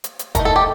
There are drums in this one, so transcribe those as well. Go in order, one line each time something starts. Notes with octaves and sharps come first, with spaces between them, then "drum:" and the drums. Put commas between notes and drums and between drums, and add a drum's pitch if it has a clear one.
drum: hi-hat
drum: hi-hat
A3 D#4 A#4, drum: kick, hi-hat
A4
G4